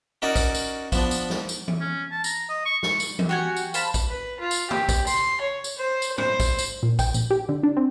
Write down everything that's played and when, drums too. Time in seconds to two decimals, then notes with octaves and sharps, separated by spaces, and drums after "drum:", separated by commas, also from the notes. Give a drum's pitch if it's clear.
0.22 C#4 D#4 F#4 A#4 D5
0.36 drum: kick A#1, tambourine
0.54 drum: tambourine
0.92 F3 B3 D4, drum: kick A#1, tambourine
1.11 drum: tambourine
1.30 drum: snare
1.49 drum: tambourine
1.68 drum: tom E3
1.80 C#4
2.11 A5
2.24 A#5, drum: tambourine
2.49 D#5
2.65 C#6
2.83 C#6, drum: snare
3.00 drum: tambourine
3.19 drum: tom E3
3.29 F#4 G4 F#5 G#5
3.57 drum: tambourine
3.74 C5 F5 A5 B5, drum: tambourine
3.94 drum: kick A#1, tambourine
4.08 B4
4.40 F4
4.51 drum: tambourine
4.71 G4, drum: tom
4.89 drum: kick A#1, tambourine
5.07 C6, drum: tambourine
5.41 C#5
5.64 drum: tambourine
5.77 C5
6.02 drum: tambourine
6.18 C5, drum: tom G#2
6.40 drum: kick A#1, tambourine
6.59 drum: tambourine
6.83 A#2
6.99 G5, drum: kick A#1, tambourine
7.14 A#1, drum: tambourine
7.31 G4
7.49 D3
7.63 D4
7.77 C4